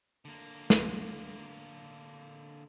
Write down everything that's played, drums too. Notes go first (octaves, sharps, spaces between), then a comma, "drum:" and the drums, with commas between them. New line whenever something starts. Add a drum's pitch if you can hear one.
D3 A#3
drum: snare